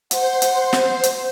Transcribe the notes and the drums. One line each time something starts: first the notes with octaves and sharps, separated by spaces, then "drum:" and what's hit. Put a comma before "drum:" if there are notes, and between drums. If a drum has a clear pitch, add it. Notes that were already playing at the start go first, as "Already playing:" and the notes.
C5 F#5, drum: hi-hat
drum: hi-hat
drum: snare
drum: hi-hat